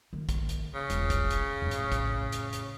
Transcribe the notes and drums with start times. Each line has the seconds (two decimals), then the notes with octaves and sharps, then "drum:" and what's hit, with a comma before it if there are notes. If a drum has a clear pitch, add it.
0.13 D#3 A#3
0.29 drum: kick, hi-hat
0.49 drum: hi-hat
0.75 C#3
0.90 E1 F4, drum: hi-hat
1.10 drum: kick, hi-hat
1.31 drum: hi-hat
1.62 F2 A2
1.71 drum: hi-hat
1.92 drum: kick, hi-hat
2.32 drum: hi-hat
2.53 drum: hi-hat